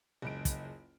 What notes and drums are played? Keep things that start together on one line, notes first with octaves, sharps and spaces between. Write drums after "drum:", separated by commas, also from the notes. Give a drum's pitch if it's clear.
F#1 C#2 D7
drum: kick, hi-hat